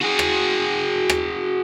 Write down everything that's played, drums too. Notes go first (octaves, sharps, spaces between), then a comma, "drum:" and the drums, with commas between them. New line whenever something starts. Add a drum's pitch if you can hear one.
F#4 G#4
drum: rim click
drum: rim click